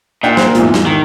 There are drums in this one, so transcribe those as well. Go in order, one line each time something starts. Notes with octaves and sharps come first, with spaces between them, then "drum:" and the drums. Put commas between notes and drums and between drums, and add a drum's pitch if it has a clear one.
A#2 D4 F#5 G5
C5, drum: snare
E2 G#2 F3, drum: hi-hat
drum: snare
D#3